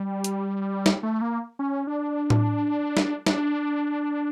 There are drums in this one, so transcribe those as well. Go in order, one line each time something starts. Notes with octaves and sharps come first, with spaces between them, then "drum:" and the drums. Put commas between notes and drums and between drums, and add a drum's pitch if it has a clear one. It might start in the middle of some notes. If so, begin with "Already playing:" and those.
Already playing: G3
drum: hi-hat
drum: snare
A3
A#3
C#4
D4
drum: tom A2
drum: snare
D4, drum: snare